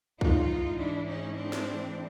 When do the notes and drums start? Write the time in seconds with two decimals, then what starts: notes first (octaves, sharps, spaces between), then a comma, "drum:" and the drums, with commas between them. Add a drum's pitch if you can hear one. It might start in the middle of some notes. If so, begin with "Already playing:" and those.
0.21 G#2 E3 G#3 D#4 F4, drum: kick B1
0.78 D4 E4
1.07 C#4 D#4
1.35 C4 D4
1.53 drum: snare